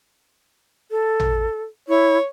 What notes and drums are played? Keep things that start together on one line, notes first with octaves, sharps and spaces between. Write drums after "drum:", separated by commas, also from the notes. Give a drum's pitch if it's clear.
A4
drum: tom
E4 C#5